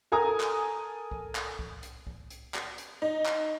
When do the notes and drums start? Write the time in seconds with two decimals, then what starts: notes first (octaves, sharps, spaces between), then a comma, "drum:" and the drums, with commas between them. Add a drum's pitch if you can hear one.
0.12 A4 A#4 G#5 A#5 D#6
0.40 drum: clap
1.11 drum: kick C2
1.35 drum: clap
1.59 drum: kick C2
1.83 drum: hi-hat
2.07 drum: kick C2
2.30 drum: hi-hat
2.54 drum: clap
2.78 drum: hi-hat
3.02 D#4
3.26 drum: clap